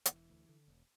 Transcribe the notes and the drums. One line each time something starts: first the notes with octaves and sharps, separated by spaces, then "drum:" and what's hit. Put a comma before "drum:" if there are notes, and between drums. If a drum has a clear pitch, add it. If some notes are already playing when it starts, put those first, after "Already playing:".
D3, drum: hi-hat
E1 E3
D2
D3
E1